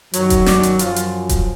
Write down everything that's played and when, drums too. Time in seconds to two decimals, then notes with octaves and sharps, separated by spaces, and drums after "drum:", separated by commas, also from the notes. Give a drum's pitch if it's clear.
0.13 F#2 D#3 F#3, drum: hi-hat
0.30 drum: kick D#1, hi-hat
0.46 D5, drum: snare
0.63 drum: hi-hat
0.79 F#2 F3 F4, drum: hi-hat
0.96 drum: hi-hat
1.29 drum: kick D#1, hi-hat